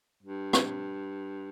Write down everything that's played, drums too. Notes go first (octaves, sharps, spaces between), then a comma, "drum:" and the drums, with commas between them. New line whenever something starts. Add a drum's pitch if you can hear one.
G2
drum: rim click